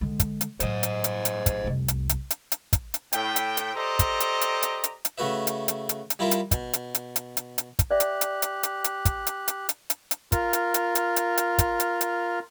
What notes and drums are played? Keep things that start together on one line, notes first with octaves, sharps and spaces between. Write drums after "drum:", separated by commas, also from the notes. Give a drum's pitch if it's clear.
D3 G#3
drum: kick, hi-hat
drum: hi-hat
A2 F#3 C5 D#5, drum: hi-hat
drum: hi-hat
drum: hi-hat
drum: hi-hat
drum: kick, hi-hat
F1 C2
drum: hi-hat
drum: hi-hat
drum: hi-hat
drum: hi-hat
drum: kick, hi-hat
drum: hi-hat
A2 G5, drum: hi-hat
drum: hi-hat
drum: hi-hat
G4 A4 C5 D5 D#5 A#5
drum: kick, hi-hat
drum: hi-hat
drum: hi-hat
drum: hi-hat
drum: hi-hat
drum: hi-hat
C#3 A3 F#4 B4 E5
drum: hi-hat
drum: hi-hat
drum: hi-hat
drum: hi-hat
G3 E4 F4 A#4 E5
drum: hi-hat
B2, drum: kick, hi-hat
drum: hi-hat
drum: hi-hat
drum: hi-hat
drum: hi-hat
drum: hi-hat
drum: kick, hi-hat
G4 D5 E5 F#6
drum: hi-hat
drum: hi-hat
drum: hi-hat
drum: hi-hat
drum: hi-hat
drum: kick, hi-hat
drum: hi-hat
drum: hi-hat
drum: hi-hat
drum: hi-hat
drum: hi-hat
F4 A#4, drum: kick, hi-hat
drum: hi-hat
drum: hi-hat
drum: hi-hat
drum: hi-hat
drum: hi-hat
drum: kick, hi-hat
drum: hi-hat
drum: hi-hat